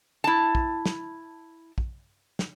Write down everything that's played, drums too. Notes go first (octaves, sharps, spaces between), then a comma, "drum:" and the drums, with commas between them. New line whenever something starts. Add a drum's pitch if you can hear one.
E4 A5
drum: kick
drum: snare
drum: kick
drum: snare